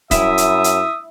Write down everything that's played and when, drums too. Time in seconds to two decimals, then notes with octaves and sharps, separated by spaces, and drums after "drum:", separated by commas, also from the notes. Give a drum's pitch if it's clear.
0.11 F#2 E4 E5 D#6, drum: kick, hi-hat
0.38 drum: hi-hat
0.64 drum: hi-hat